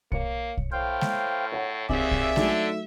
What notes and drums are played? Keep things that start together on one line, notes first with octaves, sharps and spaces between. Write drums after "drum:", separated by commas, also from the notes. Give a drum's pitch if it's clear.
A#3 C#5 C#7, drum: kick
drum: kick
A2 C5 F5 G5
drum: snare G#3
C#5 F#5
D#2 C4 G#4 D5 E5 F#7, drum: kick
drum: kick
D3 F#3 A3 D#4, drum: snare G#3